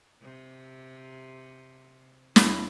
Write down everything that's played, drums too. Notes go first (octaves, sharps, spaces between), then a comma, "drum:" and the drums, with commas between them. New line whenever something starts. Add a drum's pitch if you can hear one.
C3
E2 C3 E4, drum: snare